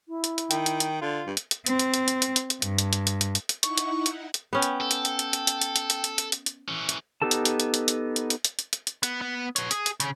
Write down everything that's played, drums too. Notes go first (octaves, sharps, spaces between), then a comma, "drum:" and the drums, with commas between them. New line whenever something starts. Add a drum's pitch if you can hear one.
E4
drum: hi-hat
drum: hi-hat
D#3 G5, drum: hi-hat
drum: hi-hat
drum: hi-hat
D3 F4
G2
drum: hi-hat
drum: hi-hat
C4, drum: hi-hat
drum: hi-hat
drum: hi-hat
drum: hi-hat
drum: hi-hat
drum: hi-hat
drum: hi-hat
G2, drum: hi-hat
drum: hi-hat
drum: hi-hat
drum: hi-hat
drum: hi-hat
drum: hi-hat
drum: hi-hat
D#4 E4 F#5 C#6, drum: hi-hat
drum: hi-hat
drum: hi-hat
drum: hi-hat
B3 C#4 G5
drum: hi-hat
A4
drum: hi-hat
drum: hi-hat
drum: hi-hat
drum: hi-hat
drum: hi-hat
drum: hi-hat
drum: hi-hat
drum: hi-hat
drum: hi-hat
drum: hi-hat
drum: hi-hat
drum: hi-hat
E3 C#4
drum: hi-hat
B3 D#4 G4 A4 A5
drum: hi-hat
drum: hi-hat
drum: hi-hat
drum: hi-hat
drum: hi-hat
drum: hi-hat
drum: hi-hat
drum: hi-hat
drum: hi-hat
drum: hi-hat
drum: hi-hat
B3, drum: hi-hat
B3
B4 C#5, drum: hi-hat
G#4, drum: hi-hat
drum: hi-hat
C#3, drum: hi-hat